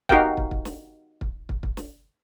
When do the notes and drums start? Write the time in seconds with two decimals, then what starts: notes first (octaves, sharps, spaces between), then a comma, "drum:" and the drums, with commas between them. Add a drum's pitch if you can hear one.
0.09 D#4 F#4 G4 A#4 F5 G5, drum: kick
0.37 drum: kick
0.51 drum: kick
0.65 drum: snare
1.21 drum: kick
1.49 drum: kick
1.63 drum: kick
1.77 drum: snare